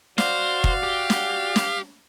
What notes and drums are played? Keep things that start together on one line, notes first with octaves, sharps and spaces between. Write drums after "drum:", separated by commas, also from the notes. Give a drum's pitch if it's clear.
F#4 C5 D5 F5, drum: snare
drum: kick F1
G4
drum: snare
drum: snare